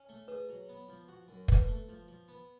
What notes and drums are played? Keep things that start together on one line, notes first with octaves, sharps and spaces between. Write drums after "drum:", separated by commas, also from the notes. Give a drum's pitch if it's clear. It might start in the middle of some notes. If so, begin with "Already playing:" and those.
Already playing: C#4
A3
G#4 B4
F#3
B3
F3
F#4
F#2
D4 B4, drum: kick
A3
F3
F3
B3